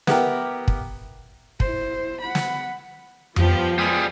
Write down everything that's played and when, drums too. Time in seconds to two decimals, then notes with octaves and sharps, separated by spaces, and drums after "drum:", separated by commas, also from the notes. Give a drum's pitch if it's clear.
0.07 B3 E4 G4 A#4 G5, drum: snare
0.68 drum: kick
1.60 E4 C5, drum: kick
2.22 F#5 B5
2.35 drum: snare
3.36 F3 G3 B3 G4, drum: tom F2
3.78 G3 G#3 B3 F4 G#4